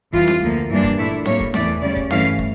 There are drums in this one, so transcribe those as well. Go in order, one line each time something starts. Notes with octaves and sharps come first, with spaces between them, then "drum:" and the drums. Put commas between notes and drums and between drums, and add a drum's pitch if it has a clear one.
F2 E3 G3 F4, drum: kick
drum: snare C4
D2 D3 F3 A#3
G2 E3 G3 A#3 D4
drum: kick
A#2 A3 D4 E4
A2 G3 A#3 C#5, drum: snare C4
drum: kick
E2 E3 A3 D5, drum: snare C4
C#3 G3 C#4 D5
drum: kick
G2 E3 A3 C#4 F5, drum: snare C4
drum: kick